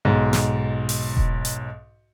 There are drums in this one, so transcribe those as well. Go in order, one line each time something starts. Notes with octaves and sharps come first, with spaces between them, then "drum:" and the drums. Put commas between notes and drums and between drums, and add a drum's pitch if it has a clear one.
B1 G#2
drum: snare
drum: open hi-hat
drum: kick E1
drum: hi-hat